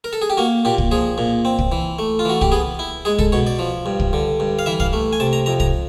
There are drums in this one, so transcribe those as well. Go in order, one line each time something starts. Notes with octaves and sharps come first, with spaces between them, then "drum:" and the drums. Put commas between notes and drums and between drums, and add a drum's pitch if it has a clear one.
A#4
A4
G#4
G4
A#3 F#4
A#2 G4
drum: kick
F3 G#4
A#2
C4
drum: kick
E3
A3
F4
E3 F#4
G4, drum: kick
B3 G#4
E4
G#3 G#4
A4, drum: kick
B2 C#5
D5
F3
G2
drum: kick
D3
G2
F5
E3 E5
F5, drum: kick
A3
G#5
C3 A5
A#5
F2 A#5
A#5, drum: kick